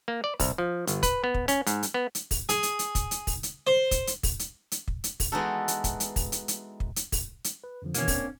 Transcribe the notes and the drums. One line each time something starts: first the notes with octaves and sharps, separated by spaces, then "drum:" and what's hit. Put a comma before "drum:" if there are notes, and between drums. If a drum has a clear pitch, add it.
A#3
D5
C2, drum: kick, open hi-hat
F3
G1, drum: hi-hat
B4, drum: kick, hi-hat
B3
drum: kick
C#4, drum: hi-hat
G#2, drum: hi-hat
drum: hi-hat
B3
drum: hi-hat
drum: kick, open hi-hat
G#4, drum: hi-hat
drum: hi-hat
drum: hi-hat
drum: kick, hi-hat
drum: hi-hat
drum: kick, open hi-hat
drum: hi-hat
C5
drum: kick, hi-hat
drum: hi-hat
drum: kick, open hi-hat
drum: hi-hat
drum: hi-hat
drum: kick
drum: hi-hat
drum: kick, open hi-hat
E3 G#3 B3 D#4 F#4 A4
drum: hi-hat
drum: kick, hi-hat
drum: hi-hat
drum: kick, open hi-hat
drum: hi-hat
drum: hi-hat
drum: kick
drum: hi-hat
drum: kick, open hi-hat
drum: hi-hat
B4
F2 D3 F3
B2 D#3 E3 A#3 C#4, drum: hi-hat
C4 D4, drum: kick, open hi-hat